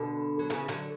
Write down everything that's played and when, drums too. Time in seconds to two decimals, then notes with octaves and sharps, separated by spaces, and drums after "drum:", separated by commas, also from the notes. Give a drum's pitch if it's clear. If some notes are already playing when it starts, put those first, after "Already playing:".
Already playing: B2 D3
0.39 F#3
0.50 C#3 E3, drum: hi-hat
0.68 D3 F#3, drum: hi-hat